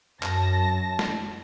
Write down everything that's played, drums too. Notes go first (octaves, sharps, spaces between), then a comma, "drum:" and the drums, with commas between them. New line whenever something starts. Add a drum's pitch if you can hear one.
F#2 A5 A#6, drum: clap
drum: snare